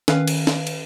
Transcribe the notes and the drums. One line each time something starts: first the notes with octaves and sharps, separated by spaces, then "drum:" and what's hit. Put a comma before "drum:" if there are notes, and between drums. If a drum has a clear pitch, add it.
D#3 C#4 B4 F5, drum: snare
drum: cymbal
drum: snare
drum: cymbal